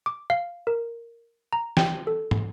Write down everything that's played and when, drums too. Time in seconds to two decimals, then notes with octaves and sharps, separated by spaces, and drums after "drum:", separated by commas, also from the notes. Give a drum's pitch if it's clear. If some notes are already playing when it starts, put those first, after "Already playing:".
0.06 D6
0.30 F5
0.67 A#4
1.53 A#5
1.77 G5, drum: snare
2.07 A4
2.31 drum: tom